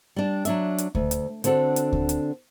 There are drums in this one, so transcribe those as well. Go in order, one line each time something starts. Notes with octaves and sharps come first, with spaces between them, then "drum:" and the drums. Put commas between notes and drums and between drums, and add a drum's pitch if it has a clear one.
G3 D4
F#3 D4 E5, drum: hi-hat
drum: hi-hat
D2, drum: kick D2
drum: hi-hat
D3 C4 D4 F#4 A4, drum: hi-hat
drum: hi-hat
drum: kick D2
drum: hi-hat